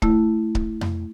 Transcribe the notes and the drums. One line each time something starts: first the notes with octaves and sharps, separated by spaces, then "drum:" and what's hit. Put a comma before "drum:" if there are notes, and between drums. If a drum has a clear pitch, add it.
A3 E4, drum: kick C#1
drum: kick C#1
drum: tom F2